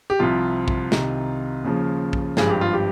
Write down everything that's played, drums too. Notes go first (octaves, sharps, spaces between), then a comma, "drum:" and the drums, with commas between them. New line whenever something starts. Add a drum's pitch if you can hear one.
G4
C2 C3 F3 F4
drum: kick A#1
C2 C3 D#3, drum: snare
D#2 C#3 F3
drum: kick A#1
G#1 G2 F3 G#4, drum: snare
G4
F4
G4